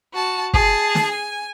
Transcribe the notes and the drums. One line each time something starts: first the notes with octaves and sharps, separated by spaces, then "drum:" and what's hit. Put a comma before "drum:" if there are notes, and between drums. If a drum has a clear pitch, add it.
F#4 A5
G#4 A5, drum: kick
drum: snare
G#5